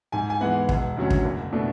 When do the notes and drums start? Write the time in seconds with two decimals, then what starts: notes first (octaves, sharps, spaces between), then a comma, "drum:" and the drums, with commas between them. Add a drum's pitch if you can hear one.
0.12 G#2 G#5
0.30 G#5
0.41 E3 G#3 B3 F#5
0.69 E1, drum: kick
0.97 D2 D3 F#3 C#4
1.10 drum: kick
1.24 F#1
1.53 B2 A3 D4